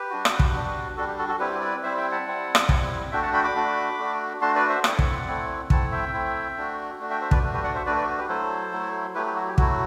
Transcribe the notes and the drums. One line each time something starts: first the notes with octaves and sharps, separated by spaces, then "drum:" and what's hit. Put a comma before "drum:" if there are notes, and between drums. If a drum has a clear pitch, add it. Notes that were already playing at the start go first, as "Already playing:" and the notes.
Already playing: G4 B4
G3 D4 F#4
drum: rim click
drum: kick
G3 D4 F#4
G3 D4 F#4 A4
G4
F#4 A4
F#4 A4
G3 C4 E4 G4 B4
B4 D5
G3 C4 E4 C5 E5
E5 G5
F#5 A5
G3 C4 E4
drum: rim click
G3 C4 E4, drum: kick
A3 D4 F#4 E5 G5
F#5 A5
G5 B5
B5 D6
A3 D4 F#4
A3 D4 F#4
A3 D4 F#4 A5 C6
B4 D5
C5 E5
A3 C4 E4 D5 F#5, drum: rim click
drum: kick
A3 C4 E4
A3 C4 E4 F#5 A5, drum: kick
E5 G5
A3 C4 E4
A3 D4 F#4
A3 D4 F#4
E5 G5
C5 E5
B4 D5, drum: kick
A3 D4 F#4
G4 B4
D5 F#5
C5 E5
A3 D4 F#4 B4 D5
B4 D5
G4 B4
F#3 A3 E4 A4 C5
F#3 A3 E4
F#3 A3 E4 G4 B4
G4
F#4
G4
F#3 A3 E4 F#4, drum: kick